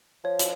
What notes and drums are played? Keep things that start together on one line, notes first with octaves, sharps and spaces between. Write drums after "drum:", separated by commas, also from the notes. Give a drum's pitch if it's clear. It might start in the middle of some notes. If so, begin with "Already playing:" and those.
F3 C#5
drum: hi-hat